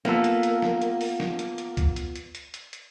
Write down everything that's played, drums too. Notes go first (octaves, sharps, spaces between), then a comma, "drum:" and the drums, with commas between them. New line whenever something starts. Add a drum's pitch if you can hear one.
A#3 B3 F4 A4, drum: snare
drum: hi-hat
drum: hi-hat
drum: snare
drum: hi-hat
drum: open hi-hat
drum: snare
drum: hi-hat
drum: hi-hat
drum: kick C#2, hi-hat
drum: hi-hat
drum: hi-hat
drum: hi-hat
drum: hi-hat
drum: hi-hat